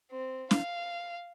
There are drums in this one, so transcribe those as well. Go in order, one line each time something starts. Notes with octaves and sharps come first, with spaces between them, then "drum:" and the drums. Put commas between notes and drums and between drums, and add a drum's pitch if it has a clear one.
C4
F5, drum: snare